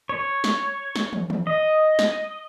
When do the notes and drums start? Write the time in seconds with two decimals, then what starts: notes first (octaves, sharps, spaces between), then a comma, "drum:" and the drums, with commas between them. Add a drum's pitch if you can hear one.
0.09 C#5
0.44 drum: snare
0.96 drum: snare
1.13 drum: tom
1.30 drum: tom
1.47 D#5
1.99 drum: snare